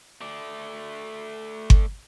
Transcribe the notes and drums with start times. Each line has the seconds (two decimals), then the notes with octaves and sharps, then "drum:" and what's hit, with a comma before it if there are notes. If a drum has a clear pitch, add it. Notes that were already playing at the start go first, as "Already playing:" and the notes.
0.21 A3 D5
1.70 drum: kick G1